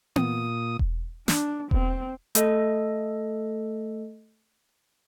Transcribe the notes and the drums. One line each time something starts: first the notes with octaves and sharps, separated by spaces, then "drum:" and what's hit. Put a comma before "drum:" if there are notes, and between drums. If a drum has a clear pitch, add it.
A#2 D#6, drum: tom B3
drum: kick E1
D4, drum: snare
C4, drum: kick E1
A3 A4 D#5, drum: hi-hat